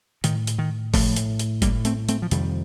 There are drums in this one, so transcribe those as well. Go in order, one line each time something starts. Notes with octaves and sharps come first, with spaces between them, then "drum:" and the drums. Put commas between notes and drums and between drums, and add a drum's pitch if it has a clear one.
A2 D#3, drum: hi-hat
drum: hi-hat
D#3
A2 F3 A3, drum: kick G1, open hi-hat
drum: hi-hat
drum: hi-hat
A2 G3 A#3, drum: kick G1, hi-hat
A3 C4, drum: hi-hat
A3 C4, drum: hi-hat
F3
F2 C3 D#3 G3, drum: hi-hat